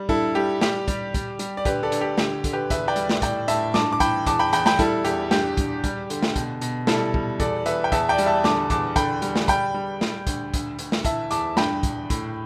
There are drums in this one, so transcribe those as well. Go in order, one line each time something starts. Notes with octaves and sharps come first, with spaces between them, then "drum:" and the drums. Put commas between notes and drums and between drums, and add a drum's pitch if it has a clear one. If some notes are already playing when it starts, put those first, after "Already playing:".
Already playing: G3
G2 E4 A4, drum: kick
G3 G4
G3 G4, drum: snare
G3, drum: kick, hi-hat
G3, drum: kick, hi-hat
G3, drum: hi-hat
D5
D2 G4 B4, drum: kick, hi-hat
A4 D5
D2, drum: hi-hat
G4
D3 G4, drum: snare
D3, drum: kick, hi-hat
G4 B4
E2 B4 E5, drum: kick, hi-hat
D5 G5
G3, drum: hi-hat
drum: snare
A2 D5 G5, drum: kick, hi-hat
A2 E5 A5, drum: hi-hat
G2 A5 D6, drum: snare
D6
E3 G5 B5, drum: kick, hi-hat
E2 A5 D6, drum: kick, hi-hat
G5 B5
E2 G5 B5, drum: hi-hat
G5 B5, drum: snare
G3 E4 A4, drum: kick, hi-hat
E2 G4, drum: hi-hat
G2 G4, drum: snare
G2, drum: kick, hi-hat
G3, drum: kick, hi-hat
D3, drum: hi-hat
drum: snare
B2, drum: kick, hi-hat
B2, drum: hi-hat
G3 E4 A4, drum: snare
G3, drum: kick
E2 A4 D5, drum: kick, hi-hat
E2 B4 E5, drum: hi-hat
G5
E2 E5 A5, drum: kick, hi-hat
D5 G5
G3, drum: hi-hat
E5 A5
D3 A5 D6, drum: snare
E2 A5 D6, drum: kick, hi-hat
D3 G5 B5, drum: kick, hi-hat
G3, drum: hi-hat
drum: snare
G3 G5 B5, drum: kick, hi-hat
G3
G3, drum: snare
D2, drum: kick, hi-hat
D2, drum: kick, hi-hat
D2, drum: hi-hat
drum: snare
E3 E5 A5, drum: kick, hi-hat
E2 A5 D6, drum: hi-hat
G2 G5 B5, drum: snare
G2, drum: kick, hi-hat
A2, drum: kick, hi-hat